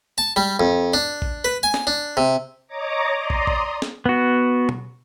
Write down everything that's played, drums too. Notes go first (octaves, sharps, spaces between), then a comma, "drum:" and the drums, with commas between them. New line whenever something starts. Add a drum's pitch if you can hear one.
A5
G3
F2
D4
drum: kick
B4
G#5
drum: snare
D4
C3
C#5 D#5 A#5 D6
D5 A#5 C6 D#6
drum: kick
drum: kick
drum: snare
B3 F#4
drum: tom B2